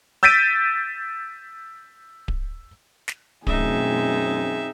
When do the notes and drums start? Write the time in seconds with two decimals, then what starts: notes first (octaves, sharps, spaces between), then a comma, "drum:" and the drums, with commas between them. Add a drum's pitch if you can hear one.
0.23 E6 G6 A6 B6 D7 D#7
2.28 drum: kick D1
3.08 drum: snare
3.47 F#2 B2 E3 A3 C4 D#4 G#4 E5, drum: kick D1